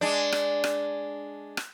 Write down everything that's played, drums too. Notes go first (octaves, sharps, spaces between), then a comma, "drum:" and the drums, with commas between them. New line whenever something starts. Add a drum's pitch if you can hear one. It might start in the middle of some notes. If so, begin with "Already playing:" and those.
G#3 D4
drum: rim click
drum: rim click
drum: rim click